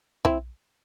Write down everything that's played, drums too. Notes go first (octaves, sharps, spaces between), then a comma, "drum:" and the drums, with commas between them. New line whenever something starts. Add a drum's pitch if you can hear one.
C4 E4, drum: kick